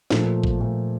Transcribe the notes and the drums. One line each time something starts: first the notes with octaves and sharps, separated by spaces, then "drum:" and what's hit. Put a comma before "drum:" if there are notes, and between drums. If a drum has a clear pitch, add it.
A#2 F3 A3, drum: snare
drum: kick A1
A#2 F3 A3